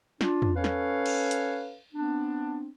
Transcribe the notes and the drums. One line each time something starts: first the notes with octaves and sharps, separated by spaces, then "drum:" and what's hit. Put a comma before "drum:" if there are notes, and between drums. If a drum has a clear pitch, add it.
D4 F4, drum: snare
drum: tom
C#4 A4 B4 C#5 F5
drum: snare
drum: cymbal
drum: hi-hat
B3 C4 D4